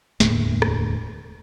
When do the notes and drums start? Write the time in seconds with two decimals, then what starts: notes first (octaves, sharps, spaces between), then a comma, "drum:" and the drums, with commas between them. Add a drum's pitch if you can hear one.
0.20 E1 D2 A2 A#3, drum: snare
0.62 drum: rim click